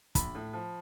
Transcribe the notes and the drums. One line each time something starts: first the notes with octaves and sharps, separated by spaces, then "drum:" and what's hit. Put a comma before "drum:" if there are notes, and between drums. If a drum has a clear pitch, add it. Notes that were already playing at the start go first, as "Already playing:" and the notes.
A#1 B5, drum: kick, hi-hat
A2
F3